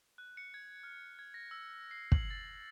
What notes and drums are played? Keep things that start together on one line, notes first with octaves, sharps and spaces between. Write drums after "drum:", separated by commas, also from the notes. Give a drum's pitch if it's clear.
F#6
C#7
G#6
F6
G#6
A#6
E6
C7
F#7, drum: kick
A6